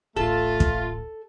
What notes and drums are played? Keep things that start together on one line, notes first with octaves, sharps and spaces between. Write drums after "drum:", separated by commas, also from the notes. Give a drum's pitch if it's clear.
D1 A1 A3 F4 A4
drum: kick